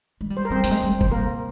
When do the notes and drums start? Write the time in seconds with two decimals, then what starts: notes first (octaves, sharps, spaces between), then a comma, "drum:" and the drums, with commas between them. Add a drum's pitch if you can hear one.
0.21 G#3
0.30 G3
0.37 C5
0.45 A#4
0.50 G3 C4 C5
0.64 G3, drum: hi-hat
0.71 G#3
0.83 G#3
0.91 G3
1.01 C5, drum: kick
1.12 C3 A#3 A#4